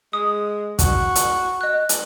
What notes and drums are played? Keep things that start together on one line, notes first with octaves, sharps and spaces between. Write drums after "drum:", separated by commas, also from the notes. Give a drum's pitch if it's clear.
G#3 D#6
F#4, drum: kick, hi-hat
drum: hi-hat
D#5 F#6
drum: hi-hat